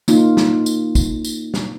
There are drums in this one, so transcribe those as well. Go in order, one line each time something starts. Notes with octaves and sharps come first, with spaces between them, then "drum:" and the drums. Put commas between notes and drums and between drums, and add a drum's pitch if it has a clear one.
A#3 D#4 F4, drum: tambourine
drum: snare
drum: tambourine
drum: kick, tambourine
drum: tambourine
drum: snare